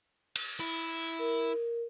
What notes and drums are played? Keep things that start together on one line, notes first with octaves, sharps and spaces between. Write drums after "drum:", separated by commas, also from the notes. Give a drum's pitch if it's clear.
drum: cymbal
E4
A#4